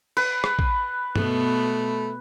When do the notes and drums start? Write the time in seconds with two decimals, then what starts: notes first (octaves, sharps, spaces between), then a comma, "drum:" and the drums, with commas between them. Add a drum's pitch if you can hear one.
0.17 B4, drum: cymbal
0.44 drum: rim click
0.59 drum: kick
1.16 B2 A3 B3, drum: tom G2